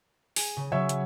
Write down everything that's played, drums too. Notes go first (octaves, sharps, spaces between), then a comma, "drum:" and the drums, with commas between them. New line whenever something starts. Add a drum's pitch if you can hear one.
G#4, drum: open hi-hat
C#3
C#3 F#3 C#5 E5 E6
drum: hi-hat